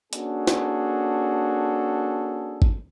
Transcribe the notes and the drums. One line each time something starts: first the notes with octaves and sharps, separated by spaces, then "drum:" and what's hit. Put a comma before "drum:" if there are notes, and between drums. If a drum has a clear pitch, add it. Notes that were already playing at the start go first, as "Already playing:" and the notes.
A#3 C#4 D4 F#4 G#4 A4, drum: hi-hat
drum: snare
drum: kick